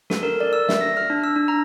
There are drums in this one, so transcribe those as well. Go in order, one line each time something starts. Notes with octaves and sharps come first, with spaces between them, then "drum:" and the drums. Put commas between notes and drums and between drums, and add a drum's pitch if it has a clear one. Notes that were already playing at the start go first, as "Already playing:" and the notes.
A4, drum: snare
A#4
D5
E6
E5, drum: snare
A#6
F6
D4
E6
D4
A#5